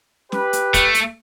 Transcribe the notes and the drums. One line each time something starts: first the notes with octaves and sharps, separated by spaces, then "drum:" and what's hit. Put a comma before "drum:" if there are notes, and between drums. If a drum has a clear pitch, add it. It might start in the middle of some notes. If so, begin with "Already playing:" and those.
G4 B4, drum: snare
drum: hi-hat
A3, drum: kick, hi-hat
drum: hi-hat